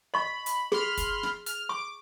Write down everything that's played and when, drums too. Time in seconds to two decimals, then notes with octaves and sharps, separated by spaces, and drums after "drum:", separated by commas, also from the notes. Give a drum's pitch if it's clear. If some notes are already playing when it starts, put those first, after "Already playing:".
0.14 D#5 B5 C#6
0.46 drum: hi-hat
0.72 G#4 B5 C6 F6, drum: snare
0.97 drum: kick, hi-hat
1.23 drum: snare
1.46 F6, drum: hi-hat
1.69 C#6 D6